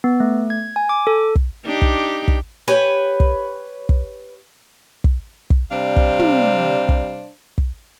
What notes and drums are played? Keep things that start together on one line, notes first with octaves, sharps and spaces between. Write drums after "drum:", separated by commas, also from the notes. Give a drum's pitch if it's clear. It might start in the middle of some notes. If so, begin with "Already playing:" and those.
B3
A3
G#6
G#5
D6
A4
drum: kick
D4 D#4 G4
drum: kick
drum: kick
G4 B4 C#5 G#5
drum: kick
drum: kick
drum: kick
drum: kick
C3 G3 D4 C5 F5
drum: kick
drum: tom
drum: kick
drum: kick